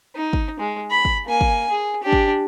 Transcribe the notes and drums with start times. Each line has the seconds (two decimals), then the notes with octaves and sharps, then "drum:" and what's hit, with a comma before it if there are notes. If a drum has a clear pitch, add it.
0.15 D#4
0.33 drum: kick
0.60 G#3
0.91 B5
1.05 drum: kick
1.26 A#3 G#5
1.41 drum: kick
1.70 G#4
2.03 D4 G4
2.13 drum: kick